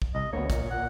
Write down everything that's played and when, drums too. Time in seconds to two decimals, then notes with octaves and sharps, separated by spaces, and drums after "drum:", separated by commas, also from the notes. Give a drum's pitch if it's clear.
0.02 drum: kick
0.15 C2 D#5
0.33 D2 A#3 B3 C#5
0.50 A#2, drum: kick, hi-hat
0.71 F#5